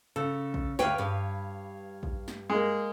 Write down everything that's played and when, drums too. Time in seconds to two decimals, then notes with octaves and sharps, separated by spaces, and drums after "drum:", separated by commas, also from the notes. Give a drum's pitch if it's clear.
0.16 C#3 A4
0.54 drum: kick A#1
0.79 D2 B4 C#5 F5 G5, drum: snare
0.98 G2 B4
2.03 drum: kick A#1
2.28 drum: snare
2.50 G#3 A#3